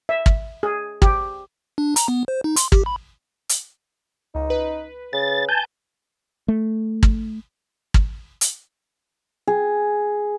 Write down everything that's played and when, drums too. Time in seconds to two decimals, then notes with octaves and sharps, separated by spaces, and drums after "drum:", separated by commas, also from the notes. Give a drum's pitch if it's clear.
0.09 E5
0.26 drum: kick
0.63 G#4
1.02 G4, drum: kick
1.78 D4
1.96 A#5, drum: hi-hat
2.08 B3
2.28 C5
2.44 D#4
2.56 C6, drum: hi-hat
2.72 G4, drum: kick
2.86 B5
3.49 drum: hi-hat
4.35 C#2 D#4
4.50 B4
5.13 C#3 A6
5.49 G#5 A5 G6
6.48 A3
7.03 drum: kick
7.94 drum: kick
8.41 drum: hi-hat
9.47 G#4